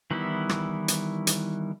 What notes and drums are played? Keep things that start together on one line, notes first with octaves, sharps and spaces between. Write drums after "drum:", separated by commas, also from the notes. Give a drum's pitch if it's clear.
D#3 E3 G3 B3 E4
drum: rim click
drum: hi-hat
drum: hi-hat